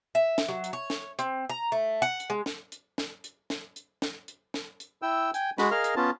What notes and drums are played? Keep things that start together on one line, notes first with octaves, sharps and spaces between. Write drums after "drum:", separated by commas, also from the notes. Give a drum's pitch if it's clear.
E5
drum: snare
F#3
drum: hi-hat
C#5
drum: snare
C4, drum: hi-hat
A#5
A3
F#5
drum: hi-hat
G#3
drum: snare
drum: hi-hat
drum: snare
drum: hi-hat
drum: snare
drum: hi-hat
drum: snare
drum: hi-hat
drum: snare
drum: hi-hat
E4 G5 E6
G5 G#5, drum: hi-hat
G#3 F#4 B5, drum: snare
G#4 A#4 D#5 F5 F6
drum: hi-hat
B3 C#4 F4 A5